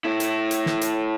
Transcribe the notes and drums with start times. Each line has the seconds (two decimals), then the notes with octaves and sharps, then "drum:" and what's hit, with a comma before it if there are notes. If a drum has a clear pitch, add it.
0.05 A2 E4
0.20 drum: hi-hat
0.51 drum: hi-hat
0.66 drum: snare
0.81 drum: hi-hat